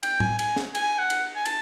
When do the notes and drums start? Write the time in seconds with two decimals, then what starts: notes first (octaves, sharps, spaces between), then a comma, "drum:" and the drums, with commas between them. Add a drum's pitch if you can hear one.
0.03 G5, drum: cymbal
0.20 G#5, drum: tom A2
0.39 G#5, drum: cymbal
0.56 drum: snare
0.75 G#5, drum: cymbal
0.98 F#5
1.10 drum: cymbal
1.36 G#5
1.45 A5, drum: cymbal